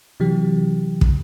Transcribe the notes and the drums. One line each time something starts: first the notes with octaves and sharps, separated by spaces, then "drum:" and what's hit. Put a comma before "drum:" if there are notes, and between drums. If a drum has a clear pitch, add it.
C3 E3 F#3 G4
drum: kick